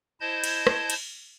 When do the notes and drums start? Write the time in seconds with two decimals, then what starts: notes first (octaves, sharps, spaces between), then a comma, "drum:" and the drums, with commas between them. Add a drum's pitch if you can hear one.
0.21 E4 C5 D#5 A5 G6 G#6
0.44 drum: cymbal
0.67 drum: rim click
0.90 drum: cymbal